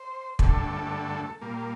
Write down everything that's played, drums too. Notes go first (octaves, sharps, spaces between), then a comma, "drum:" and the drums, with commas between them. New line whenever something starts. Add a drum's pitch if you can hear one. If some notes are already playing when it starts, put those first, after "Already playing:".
Already playing: C5
G2 D3 A3 A4, drum: kick
A#2 G3 A#3